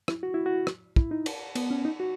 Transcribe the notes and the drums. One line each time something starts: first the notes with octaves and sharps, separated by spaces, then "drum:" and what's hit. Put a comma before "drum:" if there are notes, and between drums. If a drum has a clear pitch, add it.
E4, drum: rim click
F#4
E4
F#4
drum: rim click
E4, drum: kick
D#4
drum: cymbal
B3, drum: cymbal
C#4
D#4
F#4